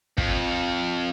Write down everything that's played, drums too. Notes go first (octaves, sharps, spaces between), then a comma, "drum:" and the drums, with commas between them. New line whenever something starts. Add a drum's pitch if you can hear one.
F2, drum: kick